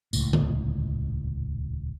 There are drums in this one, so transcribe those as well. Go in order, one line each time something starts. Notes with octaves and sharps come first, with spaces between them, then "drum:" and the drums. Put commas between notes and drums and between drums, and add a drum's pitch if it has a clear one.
D#1 C#2 A2, drum: tambourine
drum: tom D3